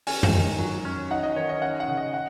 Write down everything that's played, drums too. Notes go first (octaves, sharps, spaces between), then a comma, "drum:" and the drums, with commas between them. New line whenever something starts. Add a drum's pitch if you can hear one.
C#4 G#5, drum: open hi-hat
drum: tom F2
D#3
F#3
C#4
D#4 F#5
D#5
D#3 C#5
D#5
C#4 F#5
F#5
C#3
D#5
F#5